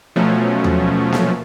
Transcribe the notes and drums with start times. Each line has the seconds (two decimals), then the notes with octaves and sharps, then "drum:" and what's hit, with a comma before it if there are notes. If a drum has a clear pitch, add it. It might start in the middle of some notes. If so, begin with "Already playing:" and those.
0.16 B2 F3 F#3 A3 C#4
0.64 drum: tom D#2
1.12 drum: snare A#3